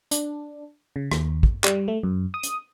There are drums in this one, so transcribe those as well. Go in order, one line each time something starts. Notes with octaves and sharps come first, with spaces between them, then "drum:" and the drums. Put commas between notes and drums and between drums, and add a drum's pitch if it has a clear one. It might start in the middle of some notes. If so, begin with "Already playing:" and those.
D4, drum: hi-hat
C#3
D#2, drum: rim click
drum: kick
G3, drum: clap
A3
F#2
D#6
drum: hi-hat